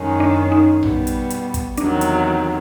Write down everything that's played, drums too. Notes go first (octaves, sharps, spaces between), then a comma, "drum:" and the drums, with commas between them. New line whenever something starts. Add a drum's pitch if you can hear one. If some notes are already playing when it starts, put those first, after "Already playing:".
Already playing: F#2 D#3 G#3 C#4
D4
D#4
B2 G3 B3, drum: tom A#1
drum: hi-hat
drum: hi-hat
drum: kick, hi-hat
E2 C3 D#3 F#3 D4, drum: hi-hat
drum: hi-hat